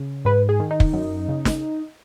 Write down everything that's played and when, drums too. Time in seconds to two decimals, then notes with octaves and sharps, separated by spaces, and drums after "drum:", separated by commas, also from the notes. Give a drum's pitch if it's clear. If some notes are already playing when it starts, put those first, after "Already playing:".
Already playing: C#3
0.25 G#2 B4
0.49 G#4
0.60 D#3
0.71 D#4
0.80 drum: kick
0.93 F#2
1.28 C#3
1.45 drum: snare